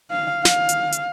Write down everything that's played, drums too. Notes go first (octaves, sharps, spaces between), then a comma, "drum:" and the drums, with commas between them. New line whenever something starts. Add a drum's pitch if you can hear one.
F5
F5, drum: snare
drum: hi-hat
drum: hi-hat